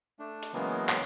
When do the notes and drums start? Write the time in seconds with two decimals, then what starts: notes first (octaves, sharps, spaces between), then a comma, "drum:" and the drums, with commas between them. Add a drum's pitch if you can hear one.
0.19 A3 D4
0.43 drum: hi-hat
0.53 C#3 E3 F#3 G#3 A#3 B3
0.89 drum: clap